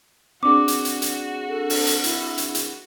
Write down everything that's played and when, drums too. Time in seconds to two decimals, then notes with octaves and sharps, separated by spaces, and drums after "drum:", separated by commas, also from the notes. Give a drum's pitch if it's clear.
0.43 C4 D4 F#4 G#4 D6
0.68 drum: hi-hat
0.85 drum: hi-hat
1.02 drum: hi-hat
1.48 A4
1.70 drum: open hi-hat
1.87 drum: hi-hat
2.04 E4, drum: hi-hat
2.38 drum: hi-hat
2.55 drum: hi-hat